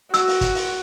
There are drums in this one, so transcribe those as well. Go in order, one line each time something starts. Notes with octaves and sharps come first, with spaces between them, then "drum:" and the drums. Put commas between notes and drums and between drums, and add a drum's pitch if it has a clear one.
F#4 E6, drum: hi-hat
drum: open hi-hat
drum: kick, hi-hat
drum: open hi-hat